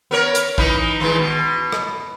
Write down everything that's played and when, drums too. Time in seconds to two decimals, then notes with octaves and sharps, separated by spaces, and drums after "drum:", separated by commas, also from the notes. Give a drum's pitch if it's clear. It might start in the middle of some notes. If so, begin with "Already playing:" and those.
0.11 B3 A#4 C#5
0.35 drum: hi-hat
0.58 E3 D#4 B4, drum: kick A#1
1.00 D#3 E3 G#3
1.19 B2
1.72 drum: rim click